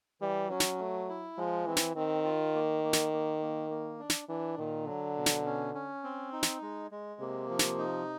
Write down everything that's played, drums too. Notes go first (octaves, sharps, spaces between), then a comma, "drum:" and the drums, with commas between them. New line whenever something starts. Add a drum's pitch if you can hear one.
E3 G3
F#3 C#4
drum: snare
A3
E4
F3 G#3
E3 C4
drum: snare
D#3 C4
F4
A#3
A#3
drum: snare
A#3
A#3
A#3
D4
drum: snare
E3 D4
A#2 D#3
D3 F#3
B2
drum: snare
C#4
C#4
C4
D#4
drum: snare
G#3
G#3
C3 A#3
F3
drum: snare
D#4